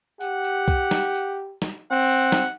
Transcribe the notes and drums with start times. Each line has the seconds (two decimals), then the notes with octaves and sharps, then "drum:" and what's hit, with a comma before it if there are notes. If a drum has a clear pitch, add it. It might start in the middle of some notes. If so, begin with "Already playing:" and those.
0.21 G4 F#5, drum: tambourine
0.44 drum: tambourine
0.68 drum: kick, tambourine
0.91 drum: snare
1.15 drum: tambourine
1.62 drum: snare
1.91 C4 F#5
2.09 drum: tambourine
2.32 drum: snare